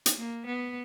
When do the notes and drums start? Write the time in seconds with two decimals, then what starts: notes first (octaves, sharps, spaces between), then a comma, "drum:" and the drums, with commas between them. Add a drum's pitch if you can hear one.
0.06 drum: hi-hat
0.18 A#3
0.46 B3